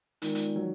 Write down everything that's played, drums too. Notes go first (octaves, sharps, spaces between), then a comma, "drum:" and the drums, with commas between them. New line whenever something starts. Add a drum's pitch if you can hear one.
D#3 G#3 B3 F4 A#4 D5, drum: hi-hat
drum: hi-hat
F#3